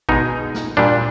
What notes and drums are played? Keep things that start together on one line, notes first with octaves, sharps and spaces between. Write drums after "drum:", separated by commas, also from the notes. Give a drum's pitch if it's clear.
B2 G#3 D#4, drum: kick
drum: snare
A#2 G3 D4